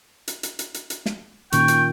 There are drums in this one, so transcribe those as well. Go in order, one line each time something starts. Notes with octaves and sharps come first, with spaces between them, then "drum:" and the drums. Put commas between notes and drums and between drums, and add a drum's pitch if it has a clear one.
drum: hi-hat
drum: hi-hat
drum: hi-hat
drum: hi-hat
drum: hi-hat
drum: snare
A#2 D#3 C#4 G5 C#6, drum: hi-hat
drum: hi-hat